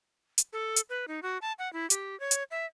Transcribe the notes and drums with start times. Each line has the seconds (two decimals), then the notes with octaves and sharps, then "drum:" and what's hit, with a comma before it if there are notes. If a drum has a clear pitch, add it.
0.38 drum: hi-hat
0.53 A4
0.76 drum: hi-hat
0.90 B4
1.08 D#4
1.23 F#4
1.42 A5
1.59 F#5
1.73 E4
1.90 G4, drum: hi-hat
2.20 C#5
2.31 drum: hi-hat
2.51 E5